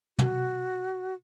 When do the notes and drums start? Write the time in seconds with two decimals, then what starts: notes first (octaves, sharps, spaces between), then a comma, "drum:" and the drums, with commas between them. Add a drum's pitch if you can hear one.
0.19 F#4, drum: tom